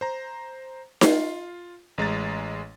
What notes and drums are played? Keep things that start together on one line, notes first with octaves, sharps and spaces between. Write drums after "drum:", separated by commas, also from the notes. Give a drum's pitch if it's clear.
C5 A#5
F4 C7, drum: snare D#4
A1 G#3 A#5 A6